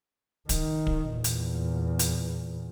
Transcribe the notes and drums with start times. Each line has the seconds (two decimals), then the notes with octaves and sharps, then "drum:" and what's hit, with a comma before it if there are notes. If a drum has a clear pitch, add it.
0.49 D#3, drum: kick, hi-hat
0.87 drum: kick
1.10 E2 A#2
1.24 drum: hi-hat
1.99 drum: hi-hat